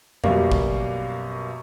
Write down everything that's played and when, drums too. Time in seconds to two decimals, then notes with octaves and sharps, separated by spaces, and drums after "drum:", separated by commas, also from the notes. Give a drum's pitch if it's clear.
0.24 F#2 B2 G3 A#3, drum: tom F2
0.52 drum: kick A1